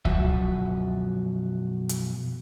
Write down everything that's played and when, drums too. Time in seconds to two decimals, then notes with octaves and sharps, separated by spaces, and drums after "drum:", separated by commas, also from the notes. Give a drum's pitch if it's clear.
0.05 B1 F#2 F3 F#4 E5, drum: kick C#2
1.89 drum: hi-hat